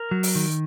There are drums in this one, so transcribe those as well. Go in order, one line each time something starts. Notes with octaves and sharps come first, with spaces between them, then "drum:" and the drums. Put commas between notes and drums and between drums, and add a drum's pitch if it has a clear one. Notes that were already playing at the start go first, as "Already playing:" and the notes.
Already playing: A#4
F#3
drum: open hi-hat
D#3